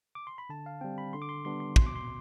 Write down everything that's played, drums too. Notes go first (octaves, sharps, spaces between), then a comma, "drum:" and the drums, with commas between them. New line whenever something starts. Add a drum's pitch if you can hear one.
D6
C6
B5
D3 A5
F5
G3 C4 G5
B5
D3 C6
D6
C6
G3 B3 D4 C6
C6
B2 C6, drum: kick
D6
C6